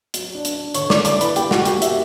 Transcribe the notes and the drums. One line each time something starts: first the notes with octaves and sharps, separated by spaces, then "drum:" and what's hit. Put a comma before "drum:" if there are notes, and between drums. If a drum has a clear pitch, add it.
F#3, drum: hi-hat
D4
drum: hi-hat
D4
D3 C#5 C#6, drum: hi-hat
D5 D6, drum: snare
E4
D5 D6, drum: hi-hat
E4
B4 B5, drum: hi-hat
A#3 G4 G5, drum: hi-hat
F#4 F#5, drum: snare
A#3
G4 G5, drum: hi-hat
A#3
E5, drum: hi-hat